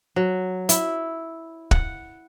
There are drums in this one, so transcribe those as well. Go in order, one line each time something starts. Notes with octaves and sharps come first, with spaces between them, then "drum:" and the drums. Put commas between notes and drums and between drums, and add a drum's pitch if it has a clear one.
F#3
E4, drum: hi-hat
F#5, drum: kick